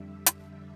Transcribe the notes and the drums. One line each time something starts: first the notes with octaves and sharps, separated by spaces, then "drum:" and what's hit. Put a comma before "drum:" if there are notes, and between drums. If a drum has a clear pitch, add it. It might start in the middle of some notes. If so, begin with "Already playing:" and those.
Already playing: F2 D3 G3 E5
E5, drum: hi-hat